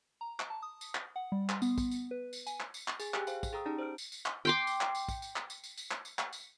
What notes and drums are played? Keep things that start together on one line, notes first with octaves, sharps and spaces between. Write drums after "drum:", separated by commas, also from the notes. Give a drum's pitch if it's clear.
A#5
drum: clap
A5
D#6
drum: tambourine
drum: clap
F#5
G3
C6, drum: clap
B3, drum: tambourine
drum: kick, tambourine
drum: tambourine
B4
drum: tambourine
G#5, drum: tambourine
drum: clap
drum: tambourine
drum: clap
G#4 G#5, drum: tambourine
G4 G#4 G5 G#5 F#6, drum: clap
C5 F5 B5, drum: tambourine
drum: kick, tambourine
G#4 A4 G5 A#5 D#6 E6
C#4 D#4 G4 D5 A5 A#5
C5 D5 F6 D7
drum: tambourine
drum: tambourine
drum: clap
G5 C6 D6
drum: tambourine
drum: clap
drum: tambourine
drum: kick, tambourine
drum: tambourine
drum: clap
drum: tambourine
drum: tambourine
drum: tambourine
drum: clap
drum: tambourine
drum: clap
drum: tambourine